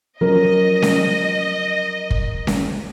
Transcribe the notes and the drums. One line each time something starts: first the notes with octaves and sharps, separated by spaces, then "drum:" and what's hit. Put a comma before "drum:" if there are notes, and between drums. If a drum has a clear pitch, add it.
F3 F#3 C#4 A#4 D#5
drum: snare C#4
drum: kick
drum: snare C#4